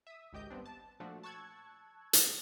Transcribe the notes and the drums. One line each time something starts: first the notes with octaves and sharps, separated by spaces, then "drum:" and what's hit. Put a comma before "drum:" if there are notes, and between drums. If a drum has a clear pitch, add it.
E5 D#6
G#1 C#2 G4 D#5 G6
G2 B3 C4 D4
A5
A#2 F3 A3 D4 F#4
A5 C#6 E6 F#6 G#6
drum: hi-hat